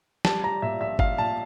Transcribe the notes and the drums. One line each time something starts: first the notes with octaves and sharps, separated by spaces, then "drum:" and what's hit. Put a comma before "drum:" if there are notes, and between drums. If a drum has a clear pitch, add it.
G3 A5, drum: snare
G3 A#5
A#2 E5
A#1 E5
A#1 F5, drum: kick G1
A#2 A5